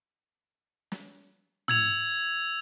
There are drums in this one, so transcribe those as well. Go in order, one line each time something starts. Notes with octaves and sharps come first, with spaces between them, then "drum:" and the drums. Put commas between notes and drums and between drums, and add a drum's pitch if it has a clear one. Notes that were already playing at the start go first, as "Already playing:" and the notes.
drum: snare
E6 G#6 F7, drum: tom